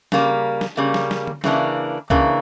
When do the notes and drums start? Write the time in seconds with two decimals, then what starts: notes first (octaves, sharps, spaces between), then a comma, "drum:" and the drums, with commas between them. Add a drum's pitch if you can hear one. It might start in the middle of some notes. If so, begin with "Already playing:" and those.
0.12 C#3 G3 A#3, drum: snare
0.61 drum: snare
0.77 C#3 G3 A#3
0.94 drum: snare
1.11 drum: snare
1.27 drum: tom
1.44 C#3 E3 A#3 D4, drum: snare
2.10 C#3 E3 A#3 D4, drum: kick C2